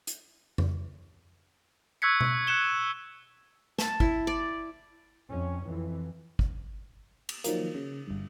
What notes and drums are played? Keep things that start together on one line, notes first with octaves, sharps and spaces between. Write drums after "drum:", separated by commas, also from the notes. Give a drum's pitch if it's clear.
drum: hi-hat
drum: tom F2
C#6 E6 F#6 G#6 B6 C#7
drum: tom B2
F#6 C#7 E7 G7
A5, drum: snare
E4, drum: kick
D5
F2 C#4
F2 E3
drum: kick
drum: cymbal
D#3 F3 F#3 A#3, drum: hi-hat
C#3
G1 G2